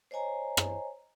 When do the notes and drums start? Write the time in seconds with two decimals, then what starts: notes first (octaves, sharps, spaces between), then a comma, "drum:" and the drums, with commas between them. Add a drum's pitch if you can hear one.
0.11 C5 C#5 D#5 G#5 A#5
0.57 drum: rim click